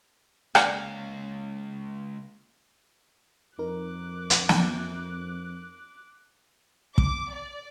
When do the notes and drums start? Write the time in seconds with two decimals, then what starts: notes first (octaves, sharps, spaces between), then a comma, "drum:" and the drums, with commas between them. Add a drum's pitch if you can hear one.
0.55 C#2 A#3 D5 F5 F#5, drum: rim click
3.59 F2 D#4 A#4 D6 F#6
4.30 drum: hi-hat
4.49 drum: snare
6.98 D6, drum: kick
7.34 D5